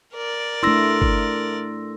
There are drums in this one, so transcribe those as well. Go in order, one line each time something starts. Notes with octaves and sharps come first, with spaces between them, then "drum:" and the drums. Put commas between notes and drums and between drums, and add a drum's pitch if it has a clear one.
A#4 D5
A3 D4 E4 C6 E6 A#6
drum: kick G1